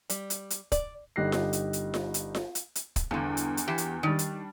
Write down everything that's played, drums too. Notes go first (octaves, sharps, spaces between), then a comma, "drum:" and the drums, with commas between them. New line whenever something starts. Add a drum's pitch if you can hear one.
G3, drum: hi-hat
drum: hi-hat
drum: hi-hat
D5, drum: kick, hi-hat
G1 D#4 G4 F#6 A#6 C7
drum: snare F4
drum: hi-hat
drum: hi-hat
drum: snare F4
drum: hi-hat
drum: snare F4
drum: hi-hat
drum: hi-hat
drum: kick, hi-hat
E2 G2 D3
drum: hi-hat
drum: hi-hat
E3 G4
drum: hi-hat
D#3 G3 D4
drum: hi-hat